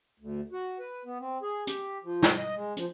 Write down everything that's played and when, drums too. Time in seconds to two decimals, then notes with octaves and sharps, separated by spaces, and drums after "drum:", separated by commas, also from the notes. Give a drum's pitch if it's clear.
0.20 D2
0.52 F#4
0.79 B4
1.05 B3
1.20 C4
1.42 G#4
1.67 G4, drum: hi-hat
2.03 F3
2.22 drum: snare
2.38 D#5
2.55 G#3
2.77 F3, drum: hi-hat